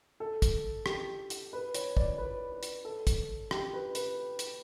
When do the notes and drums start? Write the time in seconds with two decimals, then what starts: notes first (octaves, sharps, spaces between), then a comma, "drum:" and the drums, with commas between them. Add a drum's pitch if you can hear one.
0.20 A4
0.42 drum: kick, hi-hat
0.86 G4, drum: rim click
1.30 drum: hi-hat
1.53 B4
1.75 C#5, drum: hi-hat
1.97 D5, drum: kick
2.18 B4
2.52 B4
2.63 drum: hi-hat
2.85 A4
3.07 drum: kick, hi-hat
3.51 G4, drum: rim click
3.73 B4
3.95 B4, drum: hi-hat
4.39 drum: hi-hat